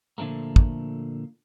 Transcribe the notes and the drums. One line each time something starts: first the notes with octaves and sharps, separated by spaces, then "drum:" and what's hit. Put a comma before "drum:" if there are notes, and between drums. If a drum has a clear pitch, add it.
A#2 D3 F3 A3 A#3
drum: kick